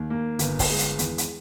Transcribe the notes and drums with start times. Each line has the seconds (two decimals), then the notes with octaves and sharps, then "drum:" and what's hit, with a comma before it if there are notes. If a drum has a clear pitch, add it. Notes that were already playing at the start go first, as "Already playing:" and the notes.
Already playing: D#2
0.10 A#3
0.39 G1, drum: hi-hat
0.59 drum: kick, open hi-hat
0.69 G#3
0.79 drum: hi-hat
0.99 E2, drum: hi-hat
1.18 drum: hi-hat